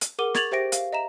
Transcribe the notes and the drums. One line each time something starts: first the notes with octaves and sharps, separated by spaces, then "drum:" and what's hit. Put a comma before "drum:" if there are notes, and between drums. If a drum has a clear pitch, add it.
drum: hi-hat
G#4 A#4 F#5 D6 D#7 G7
C#6 G#6 A6 F7 F#7, drum: snare
G4 C5 E5 G5 A#6 D7
F5, drum: hi-hat
D#5 E5 A#5 E7